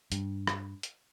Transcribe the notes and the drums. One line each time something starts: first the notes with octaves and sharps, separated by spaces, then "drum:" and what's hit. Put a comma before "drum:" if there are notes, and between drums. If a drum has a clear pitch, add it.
G2, drum: hi-hat
drum: rim click
drum: hi-hat